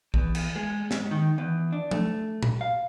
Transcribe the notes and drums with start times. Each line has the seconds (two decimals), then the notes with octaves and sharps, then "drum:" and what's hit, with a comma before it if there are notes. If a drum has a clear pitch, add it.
0.14 E2, drum: kick
0.35 drum: cymbal
0.56 G#3
0.91 G#2, drum: snare
1.11 D#3
1.38 E2
1.72 D4
1.91 A3, drum: tom F3
2.43 drum: tom A#2
2.61 F5